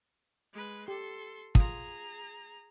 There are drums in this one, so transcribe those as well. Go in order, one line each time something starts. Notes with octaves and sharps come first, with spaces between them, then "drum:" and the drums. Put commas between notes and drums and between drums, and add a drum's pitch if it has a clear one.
G#3 B4
G4 A4 C6
F4 G#4 A#5 D#6, drum: kick